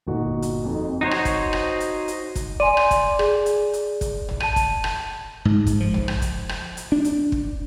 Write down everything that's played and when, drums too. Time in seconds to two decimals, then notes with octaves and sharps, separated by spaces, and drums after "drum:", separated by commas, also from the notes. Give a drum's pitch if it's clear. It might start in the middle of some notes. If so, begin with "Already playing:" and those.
0.07 G1 A#2 D#4 F#4
0.42 drum: hi-hat
0.64 F2 D#4
1.01 D#4 F#4 C5 C#5
1.11 drum: rim click
1.25 drum: kick, hi-hat
1.53 drum: rim click
1.80 drum: hi-hat
2.08 drum: hi-hat
2.35 drum: kick, hi-hat
2.60 D5 G#5 C6 D#7
2.77 drum: rim click
2.91 drum: kick, hi-hat
3.19 G#4, drum: rim click
3.46 drum: hi-hat
3.73 drum: hi-hat
4.01 drum: kick, hi-hat
4.29 drum: tom A#1
4.40 A5 D#7, drum: rim click
4.56 drum: kick, hi-hat
4.84 drum: rim click
5.45 G#2
5.67 drum: kick, hi-hat
5.80 F3
5.94 drum: tom A#1
6.08 drum: rim click
6.22 drum: kick, hi-hat
6.49 drum: rim click
6.77 drum: hi-hat
6.92 D4
7.05 drum: hi-hat
7.32 drum: kick